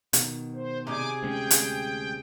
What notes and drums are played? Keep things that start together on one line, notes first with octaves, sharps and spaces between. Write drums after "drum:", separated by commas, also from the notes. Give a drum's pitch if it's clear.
B2 D#3, drum: hi-hat
C5
C3 D#4 G#4 G#5 C6 D6
D2 G#3 C#4 G5
drum: hi-hat